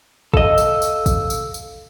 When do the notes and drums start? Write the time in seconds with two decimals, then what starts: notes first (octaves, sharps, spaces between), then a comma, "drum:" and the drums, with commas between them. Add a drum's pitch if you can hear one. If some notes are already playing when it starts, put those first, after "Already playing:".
0.34 A4 D#5 F5 E6, drum: kick
0.58 drum: tambourine
0.82 drum: tambourine
1.06 drum: kick, tambourine
1.30 drum: tambourine
1.54 drum: tambourine